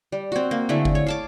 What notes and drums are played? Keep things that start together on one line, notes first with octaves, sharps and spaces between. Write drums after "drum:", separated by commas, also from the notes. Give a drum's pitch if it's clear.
G3
C4 F#4
A#3
D3 A3 E4 G#4
drum: kick G1
C#5
F5 A5 D6